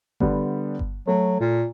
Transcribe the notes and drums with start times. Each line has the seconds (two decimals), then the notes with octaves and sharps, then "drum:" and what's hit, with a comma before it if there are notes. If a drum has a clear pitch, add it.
0.20 D3 G3 B3, drum: kick G1
0.79 drum: kick G1
1.07 F#3 A3
1.40 A#2